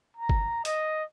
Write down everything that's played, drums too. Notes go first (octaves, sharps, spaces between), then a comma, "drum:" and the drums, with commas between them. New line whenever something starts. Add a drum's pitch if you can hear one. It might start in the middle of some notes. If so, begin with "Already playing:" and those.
A#5
drum: kick G1
D#5, drum: hi-hat